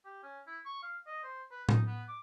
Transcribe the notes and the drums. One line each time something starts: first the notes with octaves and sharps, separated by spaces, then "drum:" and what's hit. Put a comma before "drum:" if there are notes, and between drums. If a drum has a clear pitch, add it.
G4
C#4
E4
C#6
F5
D#5
C5
B4
D#4, drum: tom A2
B3
D6